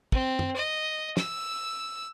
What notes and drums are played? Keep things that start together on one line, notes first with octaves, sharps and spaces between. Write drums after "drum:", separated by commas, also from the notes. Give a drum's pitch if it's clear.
C4, drum: kick
drum: tom
D#5
E6, drum: snare